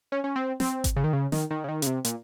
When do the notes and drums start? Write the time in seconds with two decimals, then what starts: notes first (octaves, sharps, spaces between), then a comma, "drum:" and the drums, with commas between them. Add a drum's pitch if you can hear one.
0.12 C#4
0.24 C#4
0.36 C4
0.60 C4, drum: snare
0.84 drum: kick G#1, hi-hat
0.96 C#3
1.04 D#3
1.13 C#3
1.32 D#3, drum: snare
1.51 D#3
1.64 C#3
1.68 D#3
1.82 C#3, drum: hi-hat
1.87 C3
2.05 A#2, drum: hi-hat